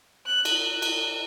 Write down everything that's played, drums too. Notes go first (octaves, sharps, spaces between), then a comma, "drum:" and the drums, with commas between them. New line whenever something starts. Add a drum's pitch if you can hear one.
F#6
drum: cymbal
drum: cymbal